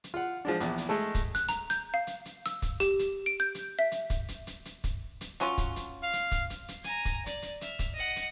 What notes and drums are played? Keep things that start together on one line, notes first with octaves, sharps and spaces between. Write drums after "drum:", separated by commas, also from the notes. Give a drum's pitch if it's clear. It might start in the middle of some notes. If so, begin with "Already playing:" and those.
drum: hi-hat
F4 F#5
F3 G#3 D4
A#1 E2, drum: hi-hat
drum: hi-hat
G#3 A3 A4
drum: kick, hi-hat
F#6, drum: hi-hat
A#5, drum: hi-hat
G6, drum: hi-hat
F5
drum: hi-hat
drum: hi-hat
E6, drum: hi-hat
drum: kick, hi-hat
G4, drum: hi-hat
drum: hi-hat
D7
G6
drum: hi-hat
E5
drum: hi-hat
drum: kick, hi-hat
drum: hi-hat
drum: hi-hat
drum: hi-hat
drum: kick, hi-hat
drum: hi-hat
F#3 C#4 F4, drum: hi-hat
drum: kick, hi-hat
drum: hi-hat
F5
drum: hi-hat
drum: kick, hi-hat
drum: hi-hat
drum: hi-hat
G#5 A#5, drum: hi-hat
drum: kick, hi-hat
D5, drum: hi-hat
drum: hi-hat
E5 F6, drum: hi-hat
drum: kick, hi-hat
D#5 F#5
drum: hi-hat